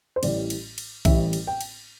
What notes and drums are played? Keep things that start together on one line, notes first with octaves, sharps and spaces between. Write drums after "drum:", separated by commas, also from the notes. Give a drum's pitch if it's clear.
C5
A1 A2 E3 G3 D5, drum: cymbal
drum: cymbal
drum: cymbal
A1 A2 E3 G3 E5, drum: kick B1, cymbal
drum: cymbal
G5
drum: cymbal